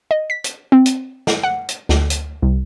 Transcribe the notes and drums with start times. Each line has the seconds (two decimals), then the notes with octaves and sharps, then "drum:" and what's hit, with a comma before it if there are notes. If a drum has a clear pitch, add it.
0.11 D#5
0.30 B6
0.44 drum: hi-hat
0.72 C4
0.86 drum: hi-hat
1.27 drum: snare
1.44 F#5
1.69 drum: hi-hat
1.89 D2, drum: snare
2.10 drum: hi-hat
2.42 C2